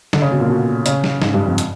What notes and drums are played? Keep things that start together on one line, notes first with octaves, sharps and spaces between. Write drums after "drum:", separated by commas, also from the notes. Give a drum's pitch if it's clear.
D3, drum: snare
C#3
B2
A#2
B2
C#3, drum: hi-hat
drum: snare
G#2, drum: snare
G2
F2
drum: hi-hat